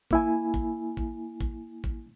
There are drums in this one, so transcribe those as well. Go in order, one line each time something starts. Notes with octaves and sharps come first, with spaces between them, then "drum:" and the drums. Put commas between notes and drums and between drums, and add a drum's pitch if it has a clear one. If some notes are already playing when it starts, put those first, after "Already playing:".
A#3 E4 G#5, drum: kick A1
drum: kick A1
drum: kick A1
drum: kick A1
drum: kick A1